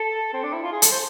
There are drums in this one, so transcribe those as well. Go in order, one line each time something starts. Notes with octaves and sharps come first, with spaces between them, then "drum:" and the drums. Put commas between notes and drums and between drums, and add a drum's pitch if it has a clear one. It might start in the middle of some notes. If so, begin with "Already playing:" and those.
Already playing: A4
C4
D4
E4
F4
G#4
A4, drum: hi-hat
C5